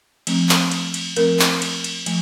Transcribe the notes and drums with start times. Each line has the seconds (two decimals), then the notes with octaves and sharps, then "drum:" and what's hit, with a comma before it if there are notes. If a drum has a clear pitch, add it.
0.27 F3 A3 C4, drum: cymbal
0.49 drum: clap
0.71 drum: cymbal
0.94 drum: cymbal
1.16 F3 A3 C4 A#4, drum: cymbal
1.39 drum: clap
1.62 drum: cymbal
1.84 drum: cymbal
2.06 F3 A3, drum: cymbal